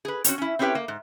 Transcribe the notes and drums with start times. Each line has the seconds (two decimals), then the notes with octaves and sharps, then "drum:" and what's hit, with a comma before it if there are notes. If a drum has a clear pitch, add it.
0.05 G#4 B4
0.24 C4 C#4 F#4, drum: hi-hat
0.38 C#4 E4
0.59 C4 C#4 E4 G4 B4 G5
0.75 A#3
0.88 G#2